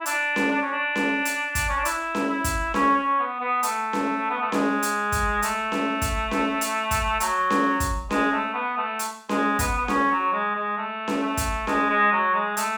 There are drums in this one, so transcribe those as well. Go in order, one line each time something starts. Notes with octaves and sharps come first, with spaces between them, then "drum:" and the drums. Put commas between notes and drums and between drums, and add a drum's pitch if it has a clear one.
E4
D4, drum: hi-hat
drum: snare C#4
D4
C#4
D4
drum: snare C#4
drum: hi-hat
drum: kick, hi-hat
C#4
D4
E4, drum: hi-hat
drum: snare C#4
E4
drum: kick, hi-hat
C#4, drum: snare C#4
C#4
B3
B3
A3, drum: hi-hat
drum: snare C#4
B3
A3
G#3, drum: snare C#4
drum: hi-hat
drum: kick, hi-hat
A3, drum: hi-hat
drum: snare C#4
drum: kick, hi-hat
drum: snare C#4
drum: hi-hat
drum: kick, hi-hat
F#3, drum: hi-hat
drum: snare C#4
drum: kick, hi-hat
G#3, drum: snare C#4
A3
B3
A3
drum: hi-hat
G#3, drum: snare C#4
B3, drum: kick, hi-hat
B3
C#4, drum: snare C#4
F#3
G#3
G#3
A3
drum: snare C#4
A3
drum: kick, hi-hat
G#3, drum: snare C#4
G#3
F#3
G#3
A3, drum: hi-hat